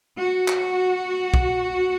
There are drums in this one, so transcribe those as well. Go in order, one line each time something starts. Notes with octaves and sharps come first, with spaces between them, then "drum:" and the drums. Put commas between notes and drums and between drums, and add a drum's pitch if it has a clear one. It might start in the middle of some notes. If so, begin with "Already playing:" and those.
F#4
drum: clap
drum: kick B1